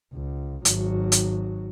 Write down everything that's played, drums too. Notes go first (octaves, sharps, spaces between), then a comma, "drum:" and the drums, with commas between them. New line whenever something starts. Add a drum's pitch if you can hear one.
C#2
G#1 F#3, drum: hi-hat
drum: hi-hat